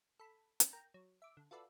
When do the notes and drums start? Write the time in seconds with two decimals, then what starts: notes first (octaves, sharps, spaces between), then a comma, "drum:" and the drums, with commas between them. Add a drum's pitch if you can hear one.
0.19 A4 B5
0.60 drum: hi-hat
0.73 A#4 G5 A#5
0.94 F#3
1.22 E5 D6
1.37 D3
1.51 F4 F#4 A4 B4 D5 E5